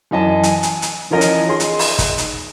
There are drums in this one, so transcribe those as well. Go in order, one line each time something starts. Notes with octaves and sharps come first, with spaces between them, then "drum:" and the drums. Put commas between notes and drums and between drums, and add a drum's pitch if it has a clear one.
F#2 E3 D#5 A5
G#5, drum: hi-hat
drum: hi-hat
drum: hi-hat
E3 F3 C#4 A#4 D#5 A#6
drum: hi-hat
D#4 G#4 C6
drum: hi-hat
drum: open hi-hat
drum: kick, hi-hat
drum: hi-hat